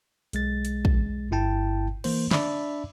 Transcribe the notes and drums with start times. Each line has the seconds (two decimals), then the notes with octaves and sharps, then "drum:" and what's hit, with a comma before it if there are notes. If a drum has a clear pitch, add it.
0.33 B1 G#3 A6, drum: hi-hat
0.65 drum: hi-hat
0.85 drum: kick
1.31 G1 G2 E4 G5 A5
2.04 E3 A#3 C5, drum: cymbal
2.31 D4 D5 E5 B5, drum: snare